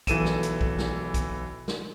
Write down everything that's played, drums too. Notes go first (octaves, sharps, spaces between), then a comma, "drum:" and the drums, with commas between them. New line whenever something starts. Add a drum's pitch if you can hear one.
B1 E3 A4 D#7 E7, drum: kick, hi-hat
drum: snare
drum: hi-hat
drum: kick
drum: snare
drum: kick, hi-hat
drum: snare